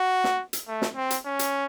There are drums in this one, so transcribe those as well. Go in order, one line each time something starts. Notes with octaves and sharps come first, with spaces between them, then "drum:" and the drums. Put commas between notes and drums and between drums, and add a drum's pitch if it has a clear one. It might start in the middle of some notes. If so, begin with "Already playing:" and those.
Already playing: F#4
drum: snare
drum: hi-hat
A3
drum: snare
C4
drum: hi-hat
C#4
drum: hi-hat